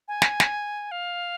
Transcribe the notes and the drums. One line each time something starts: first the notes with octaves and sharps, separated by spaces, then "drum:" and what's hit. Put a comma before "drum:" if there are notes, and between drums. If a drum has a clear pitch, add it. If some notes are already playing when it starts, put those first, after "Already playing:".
G#5
drum: snare
drum: snare
F5